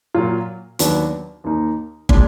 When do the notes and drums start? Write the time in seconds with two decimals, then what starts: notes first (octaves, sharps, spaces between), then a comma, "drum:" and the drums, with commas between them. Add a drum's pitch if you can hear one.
0.14 A#2 F#3 A#3 F4
0.79 D#2 D#3 F#3 B3 D4, drum: hi-hat
1.44 D#2 D#3 A#3 D#4
2.09 A#2 G#3 D4, drum: kick